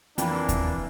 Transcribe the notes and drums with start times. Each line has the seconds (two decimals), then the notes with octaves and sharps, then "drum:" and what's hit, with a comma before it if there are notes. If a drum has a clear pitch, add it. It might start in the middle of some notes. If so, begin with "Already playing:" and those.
0.18 F2 E3 A#3 D4 G5 B5, drum: hi-hat
0.49 drum: kick D#2, hi-hat